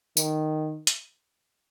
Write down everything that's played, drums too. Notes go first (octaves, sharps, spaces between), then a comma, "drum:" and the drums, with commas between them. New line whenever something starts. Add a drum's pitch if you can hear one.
D#3, drum: tambourine
drum: hi-hat